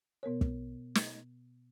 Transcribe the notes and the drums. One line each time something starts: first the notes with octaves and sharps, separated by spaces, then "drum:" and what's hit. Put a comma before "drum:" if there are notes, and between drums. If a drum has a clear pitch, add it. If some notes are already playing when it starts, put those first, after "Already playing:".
B2 B3 A#4 C#5
drum: kick
drum: snare